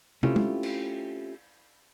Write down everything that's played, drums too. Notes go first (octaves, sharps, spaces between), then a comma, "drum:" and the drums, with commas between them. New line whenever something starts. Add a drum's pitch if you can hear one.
A3 C4 C#4 E4 F4 G4, drum: tom
drum: tom G#3
drum: cymbal